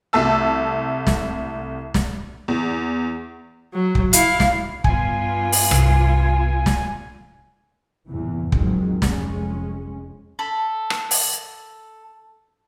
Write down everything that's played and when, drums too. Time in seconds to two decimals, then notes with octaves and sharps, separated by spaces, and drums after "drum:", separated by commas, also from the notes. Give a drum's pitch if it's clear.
0.13 C2 A3 A5 E6
1.07 drum: snare
1.94 drum: snare
2.48 E2
3.73 F#3
3.95 drum: kick
4.13 E4 F5, drum: hi-hat
4.40 drum: snare
4.84 G2 B3 F4 G#5, drum: kick
5.52 drum: open hi-hat
5.71 C2, drum: rim click
6.66 drum: snare
8.07 G1 E2 A2 C3 E3
8.52 F2 G#2 D#3 F#3 G#3 C4, drum: kick
9.02 F1 F2 G#3 C#4, drum: snare
10.39 A4 B5
10.90 drum: rim click
11.11 drum: open hi-hat